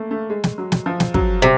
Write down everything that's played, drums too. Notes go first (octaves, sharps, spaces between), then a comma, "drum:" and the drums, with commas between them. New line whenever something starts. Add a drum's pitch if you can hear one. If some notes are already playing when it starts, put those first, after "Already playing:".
Already playing: A3 A#3
A3
G#3
drum: snare
F#3
drum: snare
F3
drum: snare
F#3, drum: kick
C3 G3